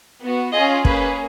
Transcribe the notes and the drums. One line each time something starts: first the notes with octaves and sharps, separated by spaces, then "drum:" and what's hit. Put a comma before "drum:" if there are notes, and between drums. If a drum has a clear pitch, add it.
B3 F#4
C#4 F4 G#4 D#5
A#3 C#4 G#4 B4, drum: kick